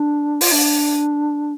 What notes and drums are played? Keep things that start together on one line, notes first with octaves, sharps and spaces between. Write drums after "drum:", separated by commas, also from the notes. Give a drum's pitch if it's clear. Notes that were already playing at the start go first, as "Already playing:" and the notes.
Already playing: D4
F4, drum: open hi-hat
D4